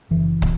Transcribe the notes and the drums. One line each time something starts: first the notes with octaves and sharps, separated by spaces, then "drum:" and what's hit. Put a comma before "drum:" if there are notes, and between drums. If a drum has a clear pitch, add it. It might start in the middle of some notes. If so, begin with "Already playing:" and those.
F#1 E3
B2, drum: kick